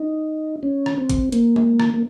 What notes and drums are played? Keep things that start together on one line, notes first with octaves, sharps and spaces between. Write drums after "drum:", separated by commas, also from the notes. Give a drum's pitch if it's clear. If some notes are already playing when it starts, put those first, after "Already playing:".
Already playing: D#4
C#4
drum: rim click
C4
drum: kick, hi-hat
A#3, drum: hi-hat
drum: tom G#3
drum: rim click
A#3